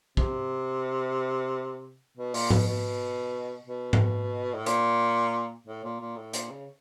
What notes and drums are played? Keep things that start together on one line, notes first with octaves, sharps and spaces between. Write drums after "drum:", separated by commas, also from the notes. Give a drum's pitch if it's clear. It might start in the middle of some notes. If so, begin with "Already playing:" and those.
C3, drum: kick
B2
A#2, drum: open hi-hat
B2, drum: tom G#2
B2
B2
drum: tom G#2
A2
A#2, drum: hi-hat
A2
A#2
A#2
A2
A#2, drum: hi-hat
C#3